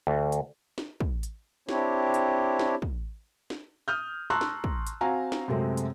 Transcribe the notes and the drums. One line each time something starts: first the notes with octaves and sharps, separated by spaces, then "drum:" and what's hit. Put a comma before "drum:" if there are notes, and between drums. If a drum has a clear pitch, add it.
D2
drum: hi-hat
drum: snare
drum: kick
drum: hi-hat
C4 D4 E4 G4 C#5, drum: snare
drum: hi-hat
drum: snare
drum: kick
drum: snare
D#6 F6 G6
A5 A#5 C6 C#6 E6 F#6
drum: snare
drum: kick
drum: hi-hat
C4 F#4 F5 G#5 A#5
drum: snare
F#2 C3 G#3 A3 C4
drum: hi-hat